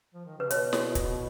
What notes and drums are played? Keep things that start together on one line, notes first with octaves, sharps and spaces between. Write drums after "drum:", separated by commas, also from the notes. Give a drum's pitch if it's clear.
F3
D#3
C#3 B4
B2 C#5, drum: hi-hat
drum: snare
drum: kick, hi-hat